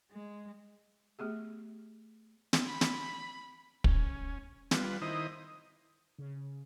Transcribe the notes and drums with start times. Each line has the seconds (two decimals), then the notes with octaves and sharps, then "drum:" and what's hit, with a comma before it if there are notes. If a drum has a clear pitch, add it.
0.10 G#3
1.19 A3 B3 G4 G#4
2.53 drum: snare
2.66 B5
2.81 drum: snare
3.84 C#4, drum: kick
4.71 G3 F4 B4, drum: snare
5.02 D#3 E4 C5 D#5 D#6
6.18 C#3